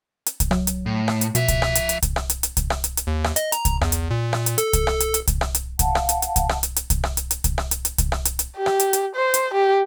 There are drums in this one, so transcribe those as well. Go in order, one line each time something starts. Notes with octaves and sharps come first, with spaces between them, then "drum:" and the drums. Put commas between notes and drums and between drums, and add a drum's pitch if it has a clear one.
drum: hi-hat
drum: kick C2, hi-hat
F#3, drum: rim click
drum: hi-hat
A2
drum: rim click
drum: hi-hat
B2 F3 E5, drum: hi-hat
drum: kick C2, hi-hat
drum: rim click
drum: hi-hat
drum: hi-hat
drum: kick C2, hi-hat
drum: rim click
drum: hi-hat
drum: hi-hat
drum: kick C2, hi-hat
drum: rim click
drum: hi-hat
drum: hi-hat
D#2
drum: rim click
D#5, drum: hi-hat
A#5, drum: hi-hat
drum: kick C2, hi-hat
E2, drum: rim click
drum: hi-hat
A#2
drum: rim click
drum: hi-hat
A4, drum: hi-hat
drum: kick C2, hi-hat
drum: rim click
drum: hi-hat
drum: hi-hat
drum: kick C2, hi-hat
drum: rim click
drum: hi-hat
F5 F#5 A5, drum: kick C2, hi-hat
drum: rim click
drum: hi-hat
drum: hi-hat
drum: kick C2, hi-hat
drum: rim click
drum: hi-hat
drum: hi-hat
drum: kick C2, hi-hat
drum: rim click
drum: hi-hat
drum: hi-hat
drum: kick C2, hi-hat
drum: rim click
drum: hi-hat
drum: hi-hat
drum: kick C2, hi-hat
drum: rim click
drum: hi-hat
drum: hi-hat
G4
drum: rim click
drum: hi-hat
drum: hi-hat
C5
drum: hi-hat
G4